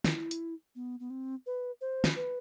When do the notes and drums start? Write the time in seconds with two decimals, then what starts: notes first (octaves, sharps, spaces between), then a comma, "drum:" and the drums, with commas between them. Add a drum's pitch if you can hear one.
0.04 E4, drum: snare
0.31 drum: hi-hat
0.75 B3
1.00 B3
1.10 C4
1.46 B4
1.81 C5
2.04 drum: snare
2.16 B4